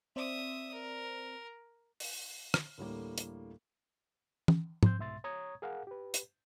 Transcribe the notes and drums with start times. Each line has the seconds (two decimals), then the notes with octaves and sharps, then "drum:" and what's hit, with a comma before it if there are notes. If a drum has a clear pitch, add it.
0.16 C4 C5 D5 E5 D#6
0.73 A#4
2.00 drum: open hi-hat
2.54 drum: rim click
2.78 D2 A2 G3 A#3
3.18 drum: hi-hat
4.48 drum: tom E3
4.83 C4 C6 G6, drum: tom G#2
4.99 C2 G#2 B2 E5 C6 A6
5.24 C#5 A#5 C#6 D#6 G#6
5.62 G#4 A#4 F5 F#5
5.87 G4 B4
6.14 drum: hi-hat